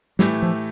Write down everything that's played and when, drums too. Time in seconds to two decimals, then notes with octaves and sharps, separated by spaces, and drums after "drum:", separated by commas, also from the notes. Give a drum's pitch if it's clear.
0.19 A2 E3 G3 A3 E4 G4, drum: snare
0.42 F3